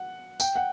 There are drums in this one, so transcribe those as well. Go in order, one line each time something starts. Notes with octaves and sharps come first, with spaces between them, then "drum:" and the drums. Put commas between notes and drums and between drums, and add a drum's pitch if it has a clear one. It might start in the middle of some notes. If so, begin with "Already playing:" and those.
Already playing: F#5
G5, drum: tambourine
F#5